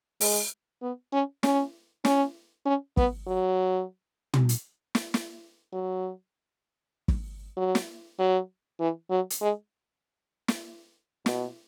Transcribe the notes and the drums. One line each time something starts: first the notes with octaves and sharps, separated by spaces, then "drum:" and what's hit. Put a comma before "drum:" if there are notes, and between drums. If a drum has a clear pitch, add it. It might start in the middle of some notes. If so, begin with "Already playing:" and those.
G#3, drum: open hi-hat
B3
C#4
C#4, drum: snare
C#4, drum: snare
C#4
B3, drum: kick
F#3
drum: tom
drum: hi-hat
drum: snare
drum: snare
F#3
drum: kick
F#3
drum: snare
F#3
E3
F#3
drum: hi-hat
G#3
drum: snare
B2, drum: snare